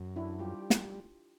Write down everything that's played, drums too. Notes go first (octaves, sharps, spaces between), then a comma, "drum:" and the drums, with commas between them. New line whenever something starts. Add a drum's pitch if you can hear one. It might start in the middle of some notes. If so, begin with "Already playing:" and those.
Already playing: F#2
D4 E4
G3 F4 G4
drum: snare